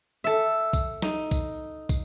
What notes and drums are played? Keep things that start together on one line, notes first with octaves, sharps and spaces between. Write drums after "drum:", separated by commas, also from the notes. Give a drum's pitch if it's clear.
A4 E5
drum: kick, tambourine
D#4, drum: snare
drum: kick, tambourine
drum: kick, tambourine